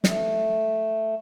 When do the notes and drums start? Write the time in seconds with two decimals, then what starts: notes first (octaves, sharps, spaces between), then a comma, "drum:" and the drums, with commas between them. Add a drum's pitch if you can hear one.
0.04 A3, drum: snare